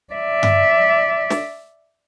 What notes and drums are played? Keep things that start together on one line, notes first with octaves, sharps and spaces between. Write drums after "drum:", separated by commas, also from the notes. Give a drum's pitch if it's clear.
D5 E5
drum: tom G2
drum: snare